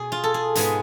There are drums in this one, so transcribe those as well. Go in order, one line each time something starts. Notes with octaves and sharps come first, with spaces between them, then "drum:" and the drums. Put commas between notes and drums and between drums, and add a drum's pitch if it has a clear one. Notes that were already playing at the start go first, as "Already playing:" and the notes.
Already playing: B2 G#4
F4
A4
G#4
G#2 G#3 B3 G#4, drum: hi-hat